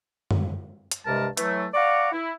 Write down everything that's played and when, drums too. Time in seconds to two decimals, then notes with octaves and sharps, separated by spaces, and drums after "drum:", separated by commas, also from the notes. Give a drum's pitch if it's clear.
0.31 drum: tom F#2
0.91 drum: hi-hat
1.06 C2 G2 C3 G#3 A#4 A5
1.37 E3 F#3 A3, drum: hi-hat
1.74 D5 F5 F#5 A#5 C#6 D6
2.12 E4